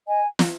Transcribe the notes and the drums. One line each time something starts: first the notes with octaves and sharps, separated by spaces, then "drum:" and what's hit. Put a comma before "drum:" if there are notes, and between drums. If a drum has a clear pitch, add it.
D#5 G#5
drum: snare